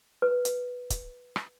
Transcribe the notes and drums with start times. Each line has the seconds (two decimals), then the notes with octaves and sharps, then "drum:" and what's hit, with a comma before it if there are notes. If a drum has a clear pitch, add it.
0.22 B4
0.45 drum: hi-hat
0.90 drum: kick, hi-hat
1.36 drum: rim click